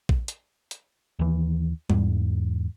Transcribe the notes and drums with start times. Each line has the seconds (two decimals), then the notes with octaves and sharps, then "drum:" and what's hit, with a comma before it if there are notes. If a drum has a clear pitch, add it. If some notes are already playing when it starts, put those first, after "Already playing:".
0.09 drum: kick A#1
0.28 drum: hi-hat
0.71 drum: hi-hat
1.19 D#2 E3
1.90 E2 G#2, drum: tom G3